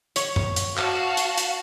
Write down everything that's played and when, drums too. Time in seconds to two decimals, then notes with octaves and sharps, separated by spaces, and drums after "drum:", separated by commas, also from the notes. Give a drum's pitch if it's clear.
0.16 C#5, drum: hi-hat
0.36 drum: tom F#2
0.56 drum: hi-hat
0.78 F#4 F5 A5, drum: clap
1.17 drum: hi-hat
1.38 drum: hi-hat